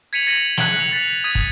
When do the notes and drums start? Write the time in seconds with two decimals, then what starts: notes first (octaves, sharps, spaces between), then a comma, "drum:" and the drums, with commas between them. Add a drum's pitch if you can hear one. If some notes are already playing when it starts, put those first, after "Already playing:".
0.13 G#6 B6 C#7 D#7 F7 F#7
0.27 G#6 A#6 D#7 F#7
0.57 F#6 G#6 B6 F#7 G7, drum: snare
0.80 F7
0.93 A6 B6 F7
1.24 D#6 G#6 B6 D#7
1.35 drum: kick